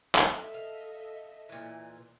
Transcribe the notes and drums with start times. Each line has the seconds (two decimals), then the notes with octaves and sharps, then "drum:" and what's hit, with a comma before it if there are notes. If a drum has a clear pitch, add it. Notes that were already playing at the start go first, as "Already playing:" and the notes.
0.15 A4 D#5 E5, drum: clap
0.54 F5
1.49 A#2 E3